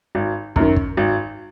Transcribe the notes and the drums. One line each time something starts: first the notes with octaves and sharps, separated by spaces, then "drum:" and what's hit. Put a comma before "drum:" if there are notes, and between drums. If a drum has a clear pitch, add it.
G#1
F#2 D#3, drum: kick
drum: kick
G#1